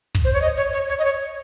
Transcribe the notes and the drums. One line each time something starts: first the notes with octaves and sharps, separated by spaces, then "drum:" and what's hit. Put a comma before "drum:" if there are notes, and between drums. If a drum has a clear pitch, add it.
drum: kick
C5
C#5
D#5
C#5
C#5
C#5
D#5
C#5